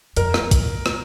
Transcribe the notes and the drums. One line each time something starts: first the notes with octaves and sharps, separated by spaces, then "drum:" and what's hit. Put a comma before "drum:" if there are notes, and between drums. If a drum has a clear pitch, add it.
F2 A#4, drum: hi-hat
drum: rim click
drum: kick, hi-hat
drum: rim click